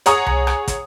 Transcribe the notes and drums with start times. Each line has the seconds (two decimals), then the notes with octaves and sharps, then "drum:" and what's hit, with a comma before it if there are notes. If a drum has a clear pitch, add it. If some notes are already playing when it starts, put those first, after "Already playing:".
0.06 G#4 C#5 F#5 A#5 C#6 D#6, drum: hi-hat
0.26 drum: tom C2
0.47 drum: rim click
0.68 drum: kick, hi-hat